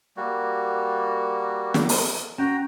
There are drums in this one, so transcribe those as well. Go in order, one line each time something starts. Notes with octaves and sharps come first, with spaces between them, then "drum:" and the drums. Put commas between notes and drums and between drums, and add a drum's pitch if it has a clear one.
G3 A#3 F#4
drum: snare
drum: open hi-hat
C#4 F#4 G5 A#5